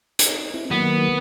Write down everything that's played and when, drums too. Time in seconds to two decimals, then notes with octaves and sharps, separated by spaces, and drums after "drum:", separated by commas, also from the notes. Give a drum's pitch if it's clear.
0.19 D#4, drum: hi-hat
0.54 C4 E4
0.71 D#3 F#3 A#3 B3